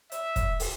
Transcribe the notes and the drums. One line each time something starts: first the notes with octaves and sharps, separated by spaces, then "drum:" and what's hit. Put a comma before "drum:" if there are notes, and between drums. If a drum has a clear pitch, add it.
E5, drum: hi-hat
drum: kick, hi-hat
drum: open hi-hat